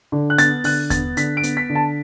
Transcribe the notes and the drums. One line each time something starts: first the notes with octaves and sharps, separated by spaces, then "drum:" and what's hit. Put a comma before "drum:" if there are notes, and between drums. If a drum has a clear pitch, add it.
D3
F#6
B3 A6, drum: hi-hat
D3 F#6, drum: open hi-hat
B3 A6, drum: kick D#2, hi-hat
D3 B6, drum: hi-hat
D7
B3, drum: hi-hat
B6
D3
A5